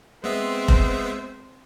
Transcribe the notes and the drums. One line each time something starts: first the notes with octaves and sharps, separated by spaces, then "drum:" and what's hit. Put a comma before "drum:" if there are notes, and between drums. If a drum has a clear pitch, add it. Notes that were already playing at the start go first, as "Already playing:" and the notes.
G#3 B3 C4 C5 E5
drum: kick F1